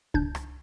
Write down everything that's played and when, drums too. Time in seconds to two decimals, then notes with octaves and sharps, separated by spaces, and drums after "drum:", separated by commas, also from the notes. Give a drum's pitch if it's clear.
0.14 D4 G6, drum: kick C#2
0.35 drum: rim click